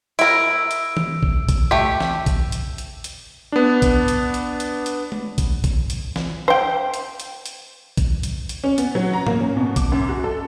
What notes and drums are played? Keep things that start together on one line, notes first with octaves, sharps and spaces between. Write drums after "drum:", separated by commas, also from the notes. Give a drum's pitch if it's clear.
E4 A#4 E6 D7, drum: hi-hat
drum: hi-hat
drum: tom D#3
drum: kick A#1
drum: kick A#1, hi-hat
A3 G4
drum: snare
drum: kick A#1, hi-hat
drum: hi-hat
drum: hi-hat
drum: hi-hat
B3 D4
drum: kick A#1, hi-hat
drum: hi-hat
drum: hi-hat
drum: hi-hat
drum: hi-hat
drum: tom G#3
drum: kick A#1, hi-hat
drum: kick A#1, hi-hat
drum: hi-hat
drum: snare
C5 G5
drum: hi-hat
drum: hi-hat
drum: hi-hat
drum: kick A#1, hi-hat
drum: hi-hat
drum: hi-hat
C#4
B3, drum: hi-hat
F#3
A#5
A#3, drum: tom G#2
C#4
B2
D6, drum: kick A#1, hi-hat
F#2
F#4
A4